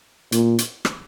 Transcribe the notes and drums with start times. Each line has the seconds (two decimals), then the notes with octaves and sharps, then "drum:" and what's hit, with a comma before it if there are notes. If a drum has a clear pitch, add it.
0.32 A#2, drum: hi-hat
0.58 drum: hi-hat
0.85 drum: rim click